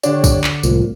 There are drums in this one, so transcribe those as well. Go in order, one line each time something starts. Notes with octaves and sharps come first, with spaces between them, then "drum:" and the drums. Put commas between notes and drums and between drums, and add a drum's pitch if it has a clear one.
D3 D4 G4 C#5, drum: tambourine
drum: kick, tambourine
drum: clap
C2 A2 F3 A#3, drum: tambourine